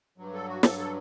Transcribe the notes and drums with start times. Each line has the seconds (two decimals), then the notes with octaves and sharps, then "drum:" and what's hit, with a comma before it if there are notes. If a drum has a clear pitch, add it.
0.18 G2 F#3
0.34 A4
0.48 F#4
0.63 G2 F#3 A4, drum: snare
0.78 A4